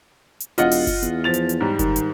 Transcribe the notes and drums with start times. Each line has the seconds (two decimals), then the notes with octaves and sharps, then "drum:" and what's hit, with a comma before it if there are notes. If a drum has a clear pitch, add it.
0.40 drum: hi-hat
0.58 E1 F4 D#5 F#5, drum: hi-hat
0.71 drum: open hi-hat
0.87 drum: kick F#1, hi-hat
1.03 E2, drum: hi-hat
1.24 F3 A6 F7
1.34 drum: hi-hat
1.49 drum: hi-hat
1.61 G#2 G3
1.79 D#3, drum: kick F#1, hi-hat
1.96 drum: hi-hat